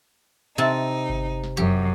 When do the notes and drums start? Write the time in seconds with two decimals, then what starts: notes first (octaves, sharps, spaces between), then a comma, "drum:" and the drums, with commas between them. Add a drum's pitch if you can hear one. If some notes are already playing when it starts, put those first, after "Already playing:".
0.58 C3 C4 D#4 A5
1.09 drum: kick G1
1.44 drum: snare
1.57 F#2 G4